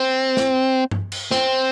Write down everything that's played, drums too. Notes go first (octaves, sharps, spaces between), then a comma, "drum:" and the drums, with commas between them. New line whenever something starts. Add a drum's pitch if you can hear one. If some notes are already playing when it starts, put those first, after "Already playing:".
Already playing: C4
drum: snare
drum: tom G2
drum: cymbal
C4, drum: snare